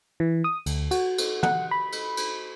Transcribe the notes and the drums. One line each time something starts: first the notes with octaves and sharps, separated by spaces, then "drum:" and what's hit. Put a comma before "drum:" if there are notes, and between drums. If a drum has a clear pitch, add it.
E3
D#6
D2, drum: cymbal
F#4, drum: cymbal
drum: cymbal
F#5, drum: tom
B5
drum: cymbal
drum: cymbal